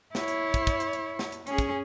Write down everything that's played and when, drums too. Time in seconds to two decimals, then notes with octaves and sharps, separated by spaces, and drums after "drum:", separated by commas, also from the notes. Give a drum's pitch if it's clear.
0.15 E4 C#5, drum: snare
0.28 drum: hi-hat
0.54 drum: kick, hi-hat
0.67 drum: kick, hi-hat
0.80 drum: hi-hat
0.93 drum: hi-hat
1.19 drum: snare
1.32 drum: hi-hat
1.47 C#4 G#4, drum: hi-hat
1.58 drum: kick, hi-hat